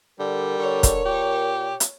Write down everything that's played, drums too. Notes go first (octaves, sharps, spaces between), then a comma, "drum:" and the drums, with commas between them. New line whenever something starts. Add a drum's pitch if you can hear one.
D3 G3 A#4
D3 C#5
drum: kick, hi-hat
A#2 G4
drum: hi-hat